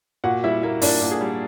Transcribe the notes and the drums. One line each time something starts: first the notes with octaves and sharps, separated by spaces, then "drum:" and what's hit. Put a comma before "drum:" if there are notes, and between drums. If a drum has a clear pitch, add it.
A#2 F#4 F#5
G3 E4 E5
A#3 E4 E5
A#2 D4 D5, drum: open hi-hat
A#2
G#4
G3